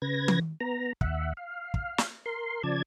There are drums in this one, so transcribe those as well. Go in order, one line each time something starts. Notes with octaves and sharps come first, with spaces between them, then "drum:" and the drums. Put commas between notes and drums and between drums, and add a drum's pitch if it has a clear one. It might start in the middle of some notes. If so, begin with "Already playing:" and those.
C#3 B4 G#6 A#6
drum: tom
B3 A#5
D#2 E5 F#5, drum: kick
F5
drum: kick
drum: snare
A#4 C6
C#3 F3 D5 A5 G#6